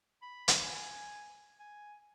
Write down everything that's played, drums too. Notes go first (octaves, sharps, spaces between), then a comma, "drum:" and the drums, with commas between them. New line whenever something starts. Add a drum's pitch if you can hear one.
B5
drum: hi-hat
G#5
G#5